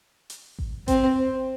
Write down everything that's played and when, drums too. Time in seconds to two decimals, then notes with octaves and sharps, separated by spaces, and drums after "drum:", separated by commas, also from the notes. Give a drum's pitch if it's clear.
0.30 drum: hi-hat
0.59 drum: kick A1
0.88 C4, drum: kick A1, hi-hat